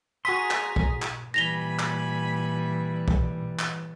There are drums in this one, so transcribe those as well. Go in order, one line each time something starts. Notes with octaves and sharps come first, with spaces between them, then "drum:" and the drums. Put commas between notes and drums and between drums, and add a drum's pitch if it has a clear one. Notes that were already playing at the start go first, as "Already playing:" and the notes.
F#4 G#4 F5 G#5 A#5 C6 D#6 B6
drum: clap
drum: kick A#1
drum: clap
A#2 E3 G3 G#5 B5 A#6 F7 G7
drum: clap
drum: kick A#1
drum: clap